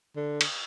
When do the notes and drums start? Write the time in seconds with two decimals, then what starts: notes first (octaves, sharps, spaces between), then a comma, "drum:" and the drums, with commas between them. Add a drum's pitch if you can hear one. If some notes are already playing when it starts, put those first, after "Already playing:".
0.16 D3
0.41 drum: cymbal